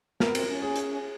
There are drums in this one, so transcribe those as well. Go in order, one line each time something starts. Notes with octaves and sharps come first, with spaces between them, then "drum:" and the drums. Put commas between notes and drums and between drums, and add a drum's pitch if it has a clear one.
B3 A#4, drum: snare
C4, drum: cymbal
C#4
G#4
drum: hi-hat